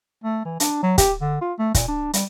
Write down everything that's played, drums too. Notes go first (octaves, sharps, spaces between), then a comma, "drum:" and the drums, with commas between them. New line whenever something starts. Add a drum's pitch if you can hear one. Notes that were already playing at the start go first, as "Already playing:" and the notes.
A3
E3
D4, drum: hi-hat
F#3
G4, drum: kick, hi-hat
D3
F4
A3
A#2, drum: kick, hi-hat
D4
G3, drum: hi-hat